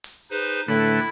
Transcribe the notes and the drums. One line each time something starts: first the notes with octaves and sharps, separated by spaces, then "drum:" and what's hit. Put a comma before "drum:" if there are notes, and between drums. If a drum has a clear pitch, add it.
drum: open hi-hat
D#4 G#4 B4 C5
A2 D3 A3 E4 A4 B4